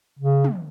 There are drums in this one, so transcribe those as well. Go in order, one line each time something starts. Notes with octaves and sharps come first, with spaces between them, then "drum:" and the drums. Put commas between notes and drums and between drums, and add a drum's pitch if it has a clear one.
C#3
drum: tom